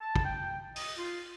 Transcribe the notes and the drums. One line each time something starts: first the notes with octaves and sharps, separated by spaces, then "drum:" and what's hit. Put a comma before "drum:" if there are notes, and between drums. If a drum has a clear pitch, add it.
A5
drum: kick
G5
D#5, drum: open hi-hat
F4